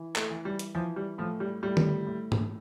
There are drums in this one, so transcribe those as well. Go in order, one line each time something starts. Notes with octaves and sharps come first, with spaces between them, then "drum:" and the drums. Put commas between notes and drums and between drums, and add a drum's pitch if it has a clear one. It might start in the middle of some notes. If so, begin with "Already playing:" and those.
Already playing: E3
A3, drum: clap
E3
G3
drum: hi-hat
E3 F3
G3
A2 F3
G3
A2 G3
drum: tom D#3
A2
drum: tom G#2